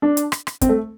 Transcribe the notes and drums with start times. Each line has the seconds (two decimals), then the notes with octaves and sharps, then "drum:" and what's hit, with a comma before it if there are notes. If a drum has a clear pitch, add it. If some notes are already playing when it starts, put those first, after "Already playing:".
0.02 D4
0.17 drum: hi-hat
0.32 drum: rim click
0.47 drum: rim click
0.61 C4, drum: kick, hi-hat
0.69 A3